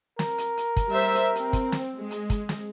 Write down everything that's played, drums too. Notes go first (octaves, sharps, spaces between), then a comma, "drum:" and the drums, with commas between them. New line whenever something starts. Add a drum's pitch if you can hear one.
A#4, drum: snare
drum: hi-hat
drum: hi-hat
drum: kick, hi-hat
G3 C5 E5
drum: hi-hat
C4, drum: hi-hat
drum: kick, hi-hat
drum: snare
G#3
drum: hi-hat
drum: kick, hi-hat
drum: snare